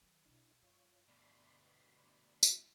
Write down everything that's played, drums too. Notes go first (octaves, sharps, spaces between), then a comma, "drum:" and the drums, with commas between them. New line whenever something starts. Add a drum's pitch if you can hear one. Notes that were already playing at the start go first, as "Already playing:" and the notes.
D#3 F#3
B1 B2 D4 E4
G2 F4 C#5
D2 B2 D5 B5 C6
drum: tambourine